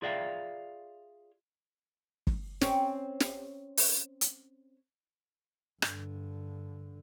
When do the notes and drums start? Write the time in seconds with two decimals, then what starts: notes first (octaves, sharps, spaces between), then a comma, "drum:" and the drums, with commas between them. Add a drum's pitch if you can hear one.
0.02 F4 G#4 D5 E5 F5 G5
2.27 drum: kick
2.61 C4 C#4, drum: snare
3.20 drum: snare
3.77 drum: open hi-hat
4.21 drum: hi-hat
5.82 G2 D3, drum: rim click